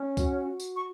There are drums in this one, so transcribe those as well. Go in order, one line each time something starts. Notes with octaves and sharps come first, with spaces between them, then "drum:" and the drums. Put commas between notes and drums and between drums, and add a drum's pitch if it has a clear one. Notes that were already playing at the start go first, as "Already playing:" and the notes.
Already playing: C#4
F#4, drum: kick, tambourine
F#4
drum: tambourine
C#6